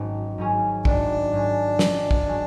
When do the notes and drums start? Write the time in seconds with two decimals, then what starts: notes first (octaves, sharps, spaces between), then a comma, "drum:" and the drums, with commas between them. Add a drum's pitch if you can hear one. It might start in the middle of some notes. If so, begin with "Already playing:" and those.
Already playing: G#1 G#2 F#3 C#4
0.38 G#2 F#3 C#4 G#4
0.85 G#1 D4, drum: kick
1.33 G#2 F#3 C#4 G#4
1.79 G#1, drum: snare
2.11 drum: kick
2.26 F#3 C#4 G#4